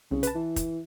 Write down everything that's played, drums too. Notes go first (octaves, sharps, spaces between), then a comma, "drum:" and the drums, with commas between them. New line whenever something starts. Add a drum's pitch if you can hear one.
C2 C#3
B4 A5, drum: hi-hat
E3
drum: kick, hi-hat